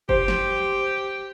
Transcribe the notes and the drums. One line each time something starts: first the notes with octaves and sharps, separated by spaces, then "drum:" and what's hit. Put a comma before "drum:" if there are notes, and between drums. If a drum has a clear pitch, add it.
G4 C5, drum: kick
drum: snare